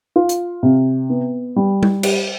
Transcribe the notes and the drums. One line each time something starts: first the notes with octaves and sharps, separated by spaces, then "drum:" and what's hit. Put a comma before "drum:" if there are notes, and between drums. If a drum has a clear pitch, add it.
F4
drum: hi-hat
C3
B3
G3
drum: tom G3
G4, drum: cymbal